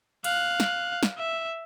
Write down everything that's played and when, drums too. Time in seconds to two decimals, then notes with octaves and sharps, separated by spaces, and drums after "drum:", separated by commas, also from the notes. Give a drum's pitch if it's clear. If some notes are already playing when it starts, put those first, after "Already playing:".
0.24 F5 F#6, drum: cymbal
0.60 drum: snare
1.03 drum: snare
1.18 E5